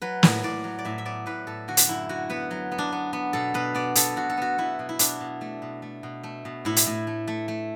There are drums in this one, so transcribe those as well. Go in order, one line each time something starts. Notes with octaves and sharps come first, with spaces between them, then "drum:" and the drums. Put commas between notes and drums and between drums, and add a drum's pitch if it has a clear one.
F#3 B4
A2, drum: snare
A2 D5
F#3
D5
A2 E5
E5
B3 D5
A2 B4
A2 A4
D3 F#4
drum: hi-hat
F#2 E4
D3 F#4
B3 B4
F#3
B3
D4
B3
B3
B2 A4
B2 B4
B3 D5
B2 A4, drum: hi-hat
B2 F#4
A4
B3 F#4
B3 E4
B2
E4
B2 D4, drum: hi-hat
B2
A3
B2
A3
B2
A3
B2
A2 E4
drum: hi-hat
A2
A3
A3
A3